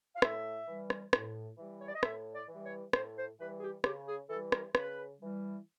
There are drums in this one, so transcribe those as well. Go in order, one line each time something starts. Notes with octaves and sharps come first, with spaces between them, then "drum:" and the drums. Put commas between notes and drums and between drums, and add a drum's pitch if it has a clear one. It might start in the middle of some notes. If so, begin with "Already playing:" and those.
F5
A2 E5, drum: rim click
E3 G3
drum: rim click
A2, drum: rim click
E3 G3
C#5
D5
D#5
A2 E5, drum: rim click
D5
E3 G3
C#5
A2 C5, drum: rim click
C5
E3 G3 B4
G#4
G4
C#3 G4, drum: rim click
G#4
E3 G3 A4
A#4, drum: rim click
C#3 B4, drum: rim click
E3 G3